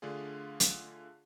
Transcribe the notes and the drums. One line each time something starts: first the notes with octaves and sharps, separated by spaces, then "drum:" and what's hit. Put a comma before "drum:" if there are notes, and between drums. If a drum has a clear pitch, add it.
D3 A3 D4 F4 G#4
drum: hi-hat